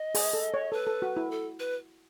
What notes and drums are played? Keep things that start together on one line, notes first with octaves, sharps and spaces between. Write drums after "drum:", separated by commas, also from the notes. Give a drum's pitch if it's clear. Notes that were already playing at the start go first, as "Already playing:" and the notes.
Already playing: D#5
G#4, drum: open hi-hat
A4
C#5
A4 B4
A4
F#4
E4
A4
B4